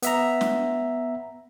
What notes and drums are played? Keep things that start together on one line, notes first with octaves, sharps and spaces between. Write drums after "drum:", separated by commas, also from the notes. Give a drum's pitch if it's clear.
B3 E5 A#5, drum: hi-hat
drum: snare